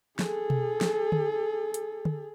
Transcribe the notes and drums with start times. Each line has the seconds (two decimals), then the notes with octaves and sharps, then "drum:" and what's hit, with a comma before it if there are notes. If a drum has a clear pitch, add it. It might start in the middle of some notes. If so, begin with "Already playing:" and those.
0.19 G#4 A4, drum: snare
0.50 drum: tom B2
0.81 drum: snare
1.12 drum: tom D3
1.74 drum: hi-hat
2.05 drum: tom D3